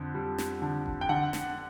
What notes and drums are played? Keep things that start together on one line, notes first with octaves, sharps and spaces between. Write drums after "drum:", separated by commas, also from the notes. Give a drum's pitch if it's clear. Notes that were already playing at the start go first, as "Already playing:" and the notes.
Already playing: F2 D3
G3
drum: snare
D3
drum: kick F#1
G5
D3 F#5
drum: snare